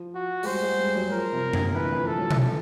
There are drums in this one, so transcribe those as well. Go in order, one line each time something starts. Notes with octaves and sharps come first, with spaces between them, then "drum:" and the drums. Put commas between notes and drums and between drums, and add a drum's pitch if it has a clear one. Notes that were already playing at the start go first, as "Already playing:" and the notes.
Already playing: F3
F#4
G#3, drum: open hi-hat
G3 C5
G#3
G3
F#3
F3 A#4
C3
D3, drum: tom F#2
E3 B4
E3
F3
F3 A4
F#3
drum: tom B2